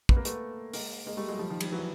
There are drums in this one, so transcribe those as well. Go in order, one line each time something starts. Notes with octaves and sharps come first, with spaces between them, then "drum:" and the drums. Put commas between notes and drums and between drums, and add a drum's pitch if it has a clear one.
B3, drum: kick
A#3
A3 B3, drum: hi-hat
G#3 A#3, drum: open hi-hat
G#3 A#3
G3 A3
F#3 G#3
F3 G3
D#3 F3
F3 G3, drum: cymbal
E3 F#3